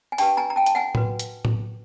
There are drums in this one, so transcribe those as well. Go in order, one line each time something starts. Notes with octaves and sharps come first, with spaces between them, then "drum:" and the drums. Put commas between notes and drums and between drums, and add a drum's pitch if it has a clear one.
G#5
D4 G4 B4 G5 A5, drum: open hi-hat
G#5 A#5
A#5
G5 A5
A5, drum: hi-hat
F#5 G#5
F#4 B4, drum: tom A2
drum: hi-hat
drum: tom A2